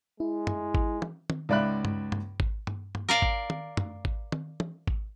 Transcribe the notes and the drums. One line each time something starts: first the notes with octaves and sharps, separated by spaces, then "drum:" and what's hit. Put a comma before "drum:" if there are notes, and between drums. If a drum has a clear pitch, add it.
G#3 E4
drum: tom
drum: kick G#1
drum: tom
drum: tom
C#2 G#2 D5 E5 B5 F#6
drum: tom G2
drum: tom G2
drum: kick G#1
drum: tom G2
drum: tom G2
A#4 D5 F5
drum: kick G#1
drum: tom
drum: tom
drum: kick G#1
drum: tom
drum: tom
drum: kick G#1